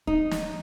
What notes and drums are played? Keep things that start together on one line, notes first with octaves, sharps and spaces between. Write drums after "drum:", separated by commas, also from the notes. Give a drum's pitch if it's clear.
D#4, drum: kick
drum: snare